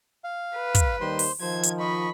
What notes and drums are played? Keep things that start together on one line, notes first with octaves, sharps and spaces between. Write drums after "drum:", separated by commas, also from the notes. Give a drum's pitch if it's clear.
F5
B4
drum: kick, hi-hat
D#2 D#3 G3 C5 C6
drum: open hi-hat
D#3 F3 C5 G#6
drum: hi-hat
D#5 B5 C#6